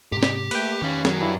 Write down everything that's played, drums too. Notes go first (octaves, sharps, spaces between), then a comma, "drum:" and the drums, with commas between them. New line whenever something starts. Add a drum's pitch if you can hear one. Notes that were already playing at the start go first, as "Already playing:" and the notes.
G#2 C3 G4
drum: snare
A3 A#3 B4 G5, drum: cymbal
D#3 C#4 G4 F5
F#2 F#3, drum: snare
G2 E4